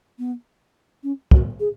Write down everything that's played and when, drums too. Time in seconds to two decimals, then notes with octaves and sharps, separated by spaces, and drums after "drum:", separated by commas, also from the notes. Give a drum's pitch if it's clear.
0.18 B3
1.03 C#4
1.31 F#4, drum: kick
1.60 G#4